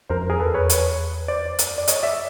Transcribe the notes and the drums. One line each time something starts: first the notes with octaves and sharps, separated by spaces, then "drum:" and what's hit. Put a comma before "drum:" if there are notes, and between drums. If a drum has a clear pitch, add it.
F2 A#4 C5
G#4 A#4
E2 A4 B4
B4 C#5
B4 C#5, drum: hi-hat
F2 C5 D5
F#2, drum: hi-hat
D5
C#5 D#5, drum: hi-hat
D5 E5